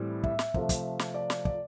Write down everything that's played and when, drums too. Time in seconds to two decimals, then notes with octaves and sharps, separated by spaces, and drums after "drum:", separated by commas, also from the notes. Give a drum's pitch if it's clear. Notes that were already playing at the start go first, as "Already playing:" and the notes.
Already playing: A2 E3 G3 C4
0.24 E5, drum: kick
0.39 drum: snare
0.54 C3 F3 A3, drum: kick
0.69 drum: kick, hi-hat
0.99 drum: snare
1.14 D5
1.30 drum: snare
1.45 D5, drum: kick